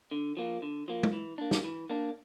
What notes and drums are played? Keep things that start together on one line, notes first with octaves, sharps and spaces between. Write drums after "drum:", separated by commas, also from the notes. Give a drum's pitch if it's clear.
D3
F3 A#3
D3
F3 A#3
drum: tom
E3
A#3 D4
drum: snare
E3
A#3 D4